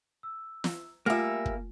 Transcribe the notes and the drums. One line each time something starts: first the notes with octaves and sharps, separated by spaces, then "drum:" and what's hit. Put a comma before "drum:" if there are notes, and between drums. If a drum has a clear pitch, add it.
E6
drum: snare
G3 A3 A#3 F4 E5 G#5 A#6
drum: kick